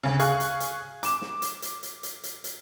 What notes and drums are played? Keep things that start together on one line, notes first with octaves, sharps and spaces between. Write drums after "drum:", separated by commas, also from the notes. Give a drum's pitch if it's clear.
D2 C#3
G#4 F5 C#6 F#6, drum: hi-hat
drum: hi-hat
drum: hi-hat
D6 E7, drum: hi-hat
drum: snare
drum: hi-hat
drum: hi-hat
drum: hi-hat
drum: hi-hat
drum: hi-hat
drum: hi-hat